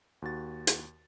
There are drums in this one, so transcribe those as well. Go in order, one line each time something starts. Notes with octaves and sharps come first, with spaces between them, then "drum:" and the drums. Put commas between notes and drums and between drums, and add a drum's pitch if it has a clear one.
D#2 F#4 A6
drum: hi-hat